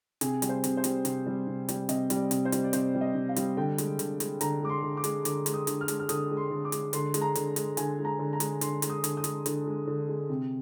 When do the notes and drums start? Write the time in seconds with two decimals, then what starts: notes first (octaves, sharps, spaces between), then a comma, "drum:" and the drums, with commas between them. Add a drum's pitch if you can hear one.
0.21 C3 G#4, drum: hi-hat
0.42 G3, drum: hi-hat
0.49 C5
0.64 C3, drum: hi-hat
0.77 C5
0.84 G3, drum: hi-hat
1.05 C3, drum: hi-hat
1.26 G3
1.47 C3
1.69 G3, drum: hi-hat
1.89 C3 D#5, drum: hi-hat
2.10 G3, drum: hi-hat
2.17 D5
2.31 C3, drum: hi-hat
2.45 C5
2.52 G3, drum: hi-hat
2.64 D5
2.73 C3 C5, drum: hi-hat
2.95 G3
3.01 D#5
3.15 C3
3.29 F5
3.36 G3, drum: hi-hat
3.57 D3 G5
3.78 G#3, drum: hi-hat
3.99 D3, drum: hi-hat
4.20 G#3, drum: hi-hat
4.41 D3 A#5, drum: hi-hat
4.62 G#3 D6
4.69 C6
4.83 D3
4.97 D6
5.04 G#3, drum: hi-hat
5.25 D3 D6, drum: hi-hat
5.46 G#3, drum: hi-hat
5.53 D#6
5.67 D3, drum: hi-hat
5.81 F6
5.88 G#3, drum: hi-hat
6.00 F6
6.09 D3 D#6, drum: hi-hat
6.30 G#3
6.37 C6
6.51 D3
6.65 D6
6.72 G#3, drum: hi-hat
6.93 D3 C6, drum: hi-hat
7.14 G#3, drum: hi-hat
7.21 A#5
7.35 D3, drum: hi-hat
7.56 G#3, drum: hi-hat
7.77 D3 G#5, drum: hi-hat
7.99 G#3
8.05 A#5
8.19 D3
8.33 A#5
8.40 G#3, drum: hi-hat
8.61 D3 C6, drum: hi-hat
8.82 G#3, drum: hi-hat
8.90 D#6
9.04 D3, drum: hi-hat
9.17 D#6
9.24 G#3, drum: hi-hat
9.46 D3, drum: hi-hat
9.67 G#3
9.87 D3
10.08 G#3
10.29 C3